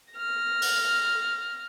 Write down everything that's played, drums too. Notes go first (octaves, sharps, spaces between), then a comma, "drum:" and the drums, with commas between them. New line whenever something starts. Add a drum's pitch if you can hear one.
F6 A#6
drum: open hi-hat